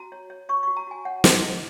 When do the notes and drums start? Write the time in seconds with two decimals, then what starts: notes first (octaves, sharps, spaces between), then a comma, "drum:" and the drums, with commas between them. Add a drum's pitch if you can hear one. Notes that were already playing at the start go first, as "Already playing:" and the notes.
Already playing: F#4 A#5
0.12 C#5
0.30 C#5
0.49 C#5 C#6
0.63 F#4 C#6
0.77 A#5
0.87 F#4 G#5
1.05 C#5 F#5
1.24 C#5, drum: snare
1.33 D#5
1.42 G#4